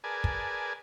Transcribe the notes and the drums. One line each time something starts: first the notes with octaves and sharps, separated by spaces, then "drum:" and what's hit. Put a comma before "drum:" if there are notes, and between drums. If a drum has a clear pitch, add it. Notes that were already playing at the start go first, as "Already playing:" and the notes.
G#4 A#4 B4 D5 G#5 A5
drum: kick